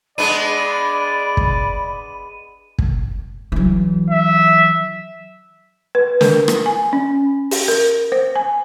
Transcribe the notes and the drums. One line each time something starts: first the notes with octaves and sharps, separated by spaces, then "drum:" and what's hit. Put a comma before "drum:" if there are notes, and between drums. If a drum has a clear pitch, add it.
G#3 B3 D4 D5 B5 D#7
drum: kick
drum: kick
E3 F#3
E5
B4
A#4, drum: snare
drum: rim click
G#5
C#4
drum: open hi-hat
A#4
C5
G#5